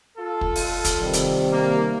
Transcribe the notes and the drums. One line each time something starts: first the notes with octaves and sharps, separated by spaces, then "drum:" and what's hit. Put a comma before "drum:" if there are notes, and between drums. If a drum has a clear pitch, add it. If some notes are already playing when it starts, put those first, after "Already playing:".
F4 A4
drum: kick
drum: open hi-hat
drum: kick, hi-hat
C3 D#3 G3
drum: hi-hat
A#3